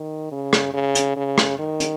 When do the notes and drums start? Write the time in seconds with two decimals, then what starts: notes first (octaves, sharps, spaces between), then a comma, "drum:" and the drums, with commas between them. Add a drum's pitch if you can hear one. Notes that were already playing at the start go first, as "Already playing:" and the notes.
Already playing: D#3
0.32 C#3
0.53 drum: rim click
0.74 C#3
0.95 drum: hi-hat
1.17 C#3
1.38 drum: rim click
1.59 D#3
1.80 drum: hi-hat